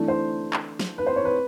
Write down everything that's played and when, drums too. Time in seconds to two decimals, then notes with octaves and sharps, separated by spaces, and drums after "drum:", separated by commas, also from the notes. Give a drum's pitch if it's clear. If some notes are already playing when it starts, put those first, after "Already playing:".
Already playing: E3 A3 D4
0.08 C5
0.53 drum: clap
0.79 drum: snare
0.98 B4
1.07 C5
1.16 C#5
1.25 B4